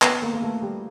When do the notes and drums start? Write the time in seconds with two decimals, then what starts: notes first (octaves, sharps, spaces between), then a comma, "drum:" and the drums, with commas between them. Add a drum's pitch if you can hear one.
0.02 B3, drum: clap
0.22 A#3
0.33 A#3
0.42 A3
0.62 G3